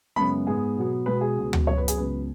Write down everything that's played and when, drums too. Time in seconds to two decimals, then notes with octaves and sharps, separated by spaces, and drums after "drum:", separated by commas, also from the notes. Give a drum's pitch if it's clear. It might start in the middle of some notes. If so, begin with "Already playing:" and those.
0.16 F#2 C#3 G#3 B3 B5
0.47 G#2 G#3 B3 G#4
0.77 B2 F#3 B3
1.06 B2 G#3 B3 B4
1.21 G#4
1.37 C#2 B2 G#3 B3
1.53 drum: tom D2
1.66 F#2 F#3 B3 C#5
1.78 B4
1.88 G#4, drum: hi-hat
1.97 C#2 C#3 F#3 B3 B4